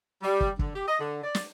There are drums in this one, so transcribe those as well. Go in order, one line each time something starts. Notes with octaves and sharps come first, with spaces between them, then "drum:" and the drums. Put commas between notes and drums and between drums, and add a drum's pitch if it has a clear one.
G3
drum: kick
D3, drum: kick
G4
D#5
D3
D5
drum: snare